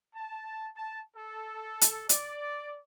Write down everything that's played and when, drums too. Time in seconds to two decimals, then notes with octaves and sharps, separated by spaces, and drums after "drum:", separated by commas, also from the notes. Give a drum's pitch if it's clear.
0.15 A5
0.76 A5
1.16 A4
1.81 drum: hi-hat
2.09 D5, drum: hi-hat